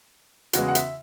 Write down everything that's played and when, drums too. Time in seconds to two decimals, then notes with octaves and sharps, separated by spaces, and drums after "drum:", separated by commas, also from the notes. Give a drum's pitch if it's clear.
0.53 E2 C#3 E3 G#3 F#4, drum: hi-hat
0.68 F#5
0.75 E5, drum: hi-hat